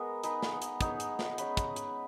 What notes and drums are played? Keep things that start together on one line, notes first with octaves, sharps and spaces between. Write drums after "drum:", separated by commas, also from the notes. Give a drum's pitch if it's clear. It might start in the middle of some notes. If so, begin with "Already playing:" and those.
Already playing: G#3 B3 A#4
D#4 G#4 B4, drum: hi-hat
drum: snare
drum: hi-hat
B3 D#4 G#4 C#5, drum: kick, hi-hat
drum: hi-hat
drum: snare
G#3 C#4 G#4 B4, drum: hi-hat
drum: kick, hi-hat
drum: hi-hat